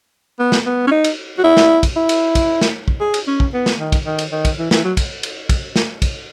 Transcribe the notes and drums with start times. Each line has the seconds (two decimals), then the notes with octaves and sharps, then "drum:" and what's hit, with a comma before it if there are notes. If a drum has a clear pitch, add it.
0.39 B3
0.52 drum: snare
0.66 B3
0.87 C#4
0.91 D#4
1.04 drum: cymbal
1.38 F#4
1.44 E4
1.57 drum: snare
1.83 drum: kick, cymbal
1.96 E4
2.09 drum: cymbal
2.35 drum: kick, cymbal
2.61 drum: snare
2.88 drum: kick
3.00 G#4
3.14 drum: cymbal
3.27 C#4
3.40 drum: kick
3.54 B3
3.66 drum: snare
3.79 D#3
3.92 drum: kick, cymbal
4.06 D#3
4.19 drum: cymbal
4.32 D#3
4.45 drum: kick, cymbal
4.58 E3
4.71 E3, drum: snare
4.84 F#3
4.97 drum: kick, cymbal
5.23 drum: cymbal
5.49 drum: kick, cymbal
5.76 drum: snare
6.02 drum: kick, cymbal